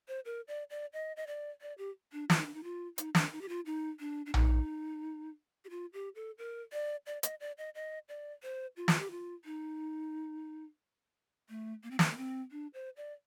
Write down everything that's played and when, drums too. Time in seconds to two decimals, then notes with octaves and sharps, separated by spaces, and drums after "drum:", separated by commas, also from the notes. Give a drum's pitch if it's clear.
0.08 C5
0.25 A#4
0.48 D5
0.70 D5
0.93 D#5
1.17 D#5
1.27 D5
1.61 D5
1.78 G4
2.12 D4
2.30 F4, drum: snare
2.38 D#4
2.45 D4
2.54 D#4
2.64 F4
2.98 D#4, drum: hi-hat
3.15 D4, drum: snare
3.32 D#4
3.41 G4
3.49 F4
3.66 D#4
4.00 D4
4.26 D4
4.34 D#4, drum: tom A#1
5.65 G4
5.70 F4
5.93 G4
6.15 A4
6.38 A#4
6.72 D5
7.06 D5
7.23 D#5, drum: hi-hat
7.40 D5
7.58 D#5
7.75 D#5
8.09 D5
8.43 C5
8.77 F4
8.88 drum: snare
8.99 G4
9.11 F4
9.45 D#4
11.49 A3
11.83 A#3
11.91 C4
11.99 A#3, drum: snare
12.11 A#3
12.17 C4
12.51 D4
12.74 C5
12.97 D5